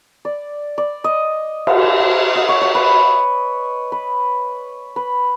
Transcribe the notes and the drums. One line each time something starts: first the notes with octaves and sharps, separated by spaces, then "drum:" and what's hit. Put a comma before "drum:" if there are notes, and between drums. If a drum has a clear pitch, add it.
D5
D5
D#5
drum: cymbal
D#5
C#5
C#5
B4
B4
B4